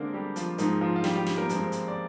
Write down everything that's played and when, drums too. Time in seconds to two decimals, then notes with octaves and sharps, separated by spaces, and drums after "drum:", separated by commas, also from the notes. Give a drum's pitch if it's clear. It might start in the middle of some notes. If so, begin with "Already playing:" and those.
Already playing: D3 G#3 A#3 C4 D4 A#4
0.13 G3 G4
0.36 F3 F4, drum: hi-hat
0.58 G#2 F3 A#3 D#4, drum: hi-hat
0.81 F3 F4
0.96 F4
1.04 G3 G4, drum: snare
1.15 G3 G4
1.27 drum: snare
1.38 A#3 A#4
1.49 G2 F3 G#3 C4, drum: hi-hat
1.72 drum: hi-hat
1.88 D5